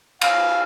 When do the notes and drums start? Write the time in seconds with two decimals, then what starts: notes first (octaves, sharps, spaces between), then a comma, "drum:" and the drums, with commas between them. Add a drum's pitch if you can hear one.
0.21 F5, drum: cymbal